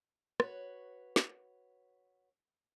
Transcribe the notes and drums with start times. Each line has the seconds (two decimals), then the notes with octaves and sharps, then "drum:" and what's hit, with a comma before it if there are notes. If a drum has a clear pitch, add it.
0.40 F#4 B4 C#5, drum: rim click
1.16 drum: snare